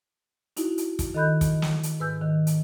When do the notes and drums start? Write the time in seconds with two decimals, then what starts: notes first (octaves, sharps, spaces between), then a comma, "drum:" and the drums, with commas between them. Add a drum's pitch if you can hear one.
0.57 D#4 E4 F#4, drum: hi-hat
0.78 drum: hi-hat
0.99 drum: kick, hi-hat
1.14 D#3 A4 D#5 B5 F#6 G6
1.41 drum: kick, hi-hat
1.62 drum: snare
1.83 drum: hi-hat
2.00 G#2 B4 G#5 E6 G6
2.22 D#3
2.47 drum: hi-hat